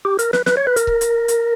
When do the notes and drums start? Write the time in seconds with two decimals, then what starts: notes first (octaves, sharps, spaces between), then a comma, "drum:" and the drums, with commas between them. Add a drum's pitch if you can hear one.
0.05 G4
0.19 A#4, drum: hi-hat
0.33 B4, drum: snare
0.46 B4, drum: snare
0.57 C#5
0.67 B4
0.76 A#4, drum: hi-hat
0.87 drum: kick C#1
1.01 drum: hi-hat
1.28 drum: hi-hat